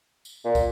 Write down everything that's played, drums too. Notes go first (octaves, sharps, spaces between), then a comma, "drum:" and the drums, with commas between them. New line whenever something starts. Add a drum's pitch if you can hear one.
drum: tambourine
A#2
drum: kick, tambourine